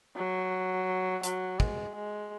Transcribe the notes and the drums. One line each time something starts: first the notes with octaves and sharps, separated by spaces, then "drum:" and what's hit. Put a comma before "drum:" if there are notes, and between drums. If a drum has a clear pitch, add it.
F#3
F#3, drum: hi-hat
G#3, drum: kick
G#3